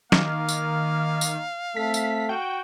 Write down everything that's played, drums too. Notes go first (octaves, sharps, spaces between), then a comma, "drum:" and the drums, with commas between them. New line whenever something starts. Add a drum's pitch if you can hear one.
D#3 A#3 F5, drum: snare
drum: tambourine
drum: tambourine
A3 C4 A4 B6
drum: tambourine
F#4 G5